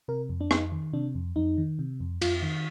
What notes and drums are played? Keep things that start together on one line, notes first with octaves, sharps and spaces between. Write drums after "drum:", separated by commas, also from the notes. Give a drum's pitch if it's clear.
C3 A#4
F2
D4
F2 D#4, drum: rim click
D#3
C3 D4
F2
F2 D#4
D#3
C3
F2
F2 F4, drum: cymbal
D#3